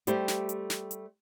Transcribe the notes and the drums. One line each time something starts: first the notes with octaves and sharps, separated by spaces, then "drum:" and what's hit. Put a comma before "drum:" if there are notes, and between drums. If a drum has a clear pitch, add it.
G3 A3 G4 C5, drum: hi-hat
drum: snare
drum: hi-hat
drum: snare
drum: hi-hat